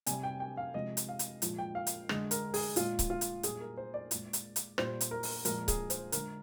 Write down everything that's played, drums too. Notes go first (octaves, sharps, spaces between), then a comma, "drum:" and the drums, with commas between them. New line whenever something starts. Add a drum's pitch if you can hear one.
C3 G3 G#5, drum: hi-hat
G5
G5
F5
C3 F3 G#3 D#5
drum: hi-hat
F5
drum: hi-hat
A#2 F3 G#3, drum: hi-hat
G5
F5
drum: hi-hat
D3 G#3, drum: rim click
A#4, drum: hi-hat
G#4, drum: open hi-hat
A#2 G#3 F4, drum: hi-hat
drum: kick C#1, hi-hat
F4
drum: hi-hat
A#2 G3 G#4, drum: hi-hat
A#4
C5
D5
A#2 G#3, drum: hi-hat
drum: hi-hat
drum: hi-hat
A#2 G3 C5, drum: rim click
drum: hi-hat
A#4
drum: open hi-hat
A#2 F3 G#3 A#4, drum: hi-hat
G#4, drum: kick C#1, hi-hat
C5, drum: hi-hat
D3 G#3 A#4, drum: hi-hat